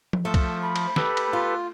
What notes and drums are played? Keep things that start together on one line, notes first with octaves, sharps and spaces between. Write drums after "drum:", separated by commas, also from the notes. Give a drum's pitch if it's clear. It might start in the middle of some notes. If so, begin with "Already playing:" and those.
drum: tom F3
F3 A3 E6
drum: kick C2, cymbal
B5
drum: cymbal
G4 A4 B4, drum: snare
drum: cymbal
F4